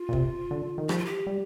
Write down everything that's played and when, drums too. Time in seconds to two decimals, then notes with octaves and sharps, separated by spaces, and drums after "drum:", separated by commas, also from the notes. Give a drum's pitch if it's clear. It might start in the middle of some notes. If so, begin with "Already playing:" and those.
Already playing: F4
0.09 A#2
0.13 C3, drum: kick
0.51 D3
0.78 D#3
0.89 F3 G4, drum: rim click
0.98 F4
1.05 G4
1.27 G3